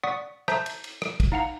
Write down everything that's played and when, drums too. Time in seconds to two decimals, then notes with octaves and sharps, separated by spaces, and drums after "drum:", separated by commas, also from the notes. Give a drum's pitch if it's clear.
0.03 D5 F#5 C#6 D#6 A6 B6
0.48 C5 E5 A5 A#5 G6 B6, drum: rim click
0.66 drum: cymbal
0.84 drum: cymbal
1.02 drum: rim click
1.20 drum: kick, cymbal
1.32 D#4 F5 F#5 A#5